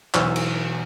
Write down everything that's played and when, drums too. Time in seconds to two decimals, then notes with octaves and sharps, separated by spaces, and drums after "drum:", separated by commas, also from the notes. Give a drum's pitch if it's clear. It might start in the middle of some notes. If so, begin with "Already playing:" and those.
0.14 E1 B1 E2 C5 E6 F6, drum: clap
0.36 drum: cymbal